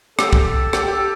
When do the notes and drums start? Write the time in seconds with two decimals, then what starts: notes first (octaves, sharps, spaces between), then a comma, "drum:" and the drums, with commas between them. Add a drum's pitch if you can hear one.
0.19 G4 A4, drum: rim click
0.33 drum: kick
0.73 G4, drum: rim click
0.88 G4